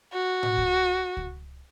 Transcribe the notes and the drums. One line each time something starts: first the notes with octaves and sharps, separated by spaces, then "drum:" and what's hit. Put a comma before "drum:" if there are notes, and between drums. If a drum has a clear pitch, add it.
F#4
drum: tom A2
drum: kick C#2
drum: kick C#2